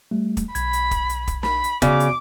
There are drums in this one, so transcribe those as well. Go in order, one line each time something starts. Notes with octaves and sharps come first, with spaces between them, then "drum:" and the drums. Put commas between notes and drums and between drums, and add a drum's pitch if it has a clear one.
G3 A3
drum: kick, hi-hat
B1 B5 G#6, drum: hi-hat
drum: hi-hat
drum: kick, hi-hat
drum: hi-hat
drum: kick, hi-hat
B5, drum: snare
drum: hi-hat
C#3 B3 F#4 D5 D6, drum: kick, hi-hat
drum: hi-hat